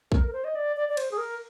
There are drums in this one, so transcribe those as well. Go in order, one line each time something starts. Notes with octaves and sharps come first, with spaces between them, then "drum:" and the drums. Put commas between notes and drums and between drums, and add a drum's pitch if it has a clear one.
A#4, drum: kick
A#4
C5
D#5
D5
D5
D5
C5, drum: cymbal
G#4
A#4